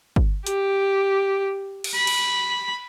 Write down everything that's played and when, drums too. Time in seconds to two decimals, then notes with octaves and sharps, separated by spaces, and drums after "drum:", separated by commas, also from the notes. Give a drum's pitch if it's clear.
0.16 drum: kick
0.47 G4, drum: hi-hat
1.84 drum: cymbal
1.95 B5
2.07 drum: cymbal